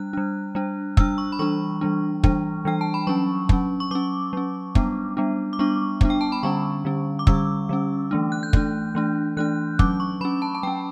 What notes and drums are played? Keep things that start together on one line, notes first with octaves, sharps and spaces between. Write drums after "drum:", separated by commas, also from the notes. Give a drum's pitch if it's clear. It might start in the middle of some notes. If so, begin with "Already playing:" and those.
Already playing: G3 D4 F#6
G3 D4
G3 D4
G3 D4 E6, drum: kick
C#6
B5
E3 G3 D4 C#6
E3 G3 D4
E3 G3 D4, drum: kick
E3 G3 D4 G5
A5
B5
F#3 C#4 C#6
F#3 C#4, drum: kick
C#6
F#3 C#4 D6
F#3 C#4
G3 B3 D4, drum: kick
G3 B3 D4
D6
G3 B3 D4 C#6
G3 B3 D4, drum: kick
G5
A5
B5
D3 G3 C#4 C#6
D3 G3 C#4
D6
D3 G3 C#4 E6, drum: kick
D3 G3 C#4
E3 A3 D4
F#6
G6
E3 A3 D4, drum: kick
E3 A3 D4
E3 A3 D4 F#6
F#3 C#4 D6, drum: kick
C#6
F#3 C#4 B5
A5
A5
F#3 C#4 G5